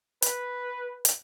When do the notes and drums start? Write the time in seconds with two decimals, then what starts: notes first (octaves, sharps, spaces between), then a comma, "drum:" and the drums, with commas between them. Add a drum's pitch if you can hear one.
0.22 B4, drum: hi-hat
1.05 drum: hi-hat